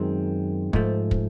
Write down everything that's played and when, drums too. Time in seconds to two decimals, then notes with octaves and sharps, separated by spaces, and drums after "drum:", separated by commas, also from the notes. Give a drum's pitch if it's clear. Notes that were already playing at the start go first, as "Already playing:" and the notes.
Already playing: F#2 D#3 G#3 C4
0.73 G#2 F3 A3, drum: kick
1.11 drum: kick